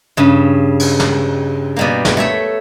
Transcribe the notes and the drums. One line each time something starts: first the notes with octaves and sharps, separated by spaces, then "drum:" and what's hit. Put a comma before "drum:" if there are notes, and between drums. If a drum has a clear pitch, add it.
G2 C#3
drum: cymbal
drum: snare
B2 G3 A#3
drum: snare
A3 C#5 E5